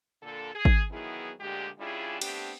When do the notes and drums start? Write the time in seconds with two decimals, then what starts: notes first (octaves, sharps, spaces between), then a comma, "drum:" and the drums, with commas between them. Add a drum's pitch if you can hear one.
0.22 A#2 D3 A4
0.55 G#4
0.65 drum: kick G#1
0.92 E2 D#3 F#3 B3 E4 G#4
1.40 D2 A#2 D3 G#3 G4
1.79 G3 C#4 D4 E4 F4 G#4
2.21 A3 B3 C4 D4 G4, drum: cymbal